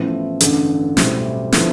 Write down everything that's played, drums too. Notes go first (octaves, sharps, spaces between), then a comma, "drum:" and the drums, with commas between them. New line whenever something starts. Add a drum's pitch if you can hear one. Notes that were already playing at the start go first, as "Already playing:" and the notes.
Already playing: A1 A2 F3 B3 E4
A1 G2 D3, drum: hi-hat
B1 A2 G3 C4 E4, drum: snare
D3 F3 B3 E4, drum: snare